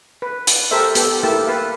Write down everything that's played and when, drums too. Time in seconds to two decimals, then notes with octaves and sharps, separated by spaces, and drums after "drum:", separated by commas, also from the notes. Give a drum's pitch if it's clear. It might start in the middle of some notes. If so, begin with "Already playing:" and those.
0.22 B4
0.47 drum: hi-hat
0.71 G4 A4 A#4 C5 E5
0.95 B3 G4 A4, drum: hi-hat
1.23 A#3 E4 G4 A4 A5
1.47 B4 F5